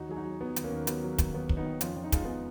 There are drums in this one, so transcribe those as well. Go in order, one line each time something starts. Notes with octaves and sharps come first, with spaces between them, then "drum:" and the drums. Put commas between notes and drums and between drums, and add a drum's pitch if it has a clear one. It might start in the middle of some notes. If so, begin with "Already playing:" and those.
Already playing: D#2 D#4 F#4
F#3 G#4
D#4 F#4
F#3
F#3 B3
D#2, drum: hi-hat
A#3 C#4
D#2
F#3 B3, drum: hi-hat
F#3
D#2, drum: kick, hi-hat
D#2 B3
D#2, drum: kick
B3 D#4
D#3
F2 C#4 F4, drum: hi-hat
F2
D#4
G#3 F4, drum: kick, hi-hat
G#3 B3 D#4